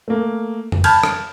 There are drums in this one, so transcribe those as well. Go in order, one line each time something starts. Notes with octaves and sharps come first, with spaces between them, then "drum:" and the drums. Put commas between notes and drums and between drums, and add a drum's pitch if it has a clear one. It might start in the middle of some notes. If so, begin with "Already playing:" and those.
A3 A#3
drum: tom F2
A5 B5 F6 G6 G#6, drum: cymbal
drum: rim click